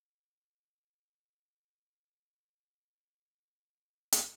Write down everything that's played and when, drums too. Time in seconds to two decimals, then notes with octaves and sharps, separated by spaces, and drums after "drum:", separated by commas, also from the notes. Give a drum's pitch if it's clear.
0.36 D#3
1.12 C#3
1.25 C#3
1.37 C#3
1.50 C#3
2.16 C#3
2.25 B2
2.35 C#3
2.44 E3
2.53 G#3
2.62 A3
3.32 A3
3.39 B3
3.51 D#4
3.57 E4
3.64 D#4
3.76 C#4
4.12 drum: hi-hat